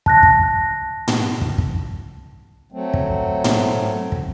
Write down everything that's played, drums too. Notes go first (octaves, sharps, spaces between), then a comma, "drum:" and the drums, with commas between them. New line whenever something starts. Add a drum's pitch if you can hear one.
A5 F#6 A#6, drum: kick
drum: kick
drum: tom
drum: kick
drum: kick
F#3 A3 C4
drum: kick
drum: tom
drum: kick